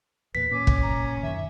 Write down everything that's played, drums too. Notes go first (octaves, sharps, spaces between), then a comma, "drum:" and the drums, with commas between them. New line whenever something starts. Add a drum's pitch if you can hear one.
E2 A#2 B4 B6
A#2 C#4 D6
drum: kick
A#5
F#2 D#3 E5